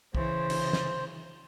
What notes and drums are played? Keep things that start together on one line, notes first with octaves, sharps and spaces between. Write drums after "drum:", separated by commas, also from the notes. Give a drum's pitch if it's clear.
C#3 E3 C5, drum: kick
drum: cymbal
drum: snare